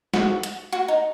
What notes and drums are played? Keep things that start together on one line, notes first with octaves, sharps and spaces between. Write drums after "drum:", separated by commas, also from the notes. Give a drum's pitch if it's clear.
F#4, drum: snare
drum: hi-hat
F#4
D#4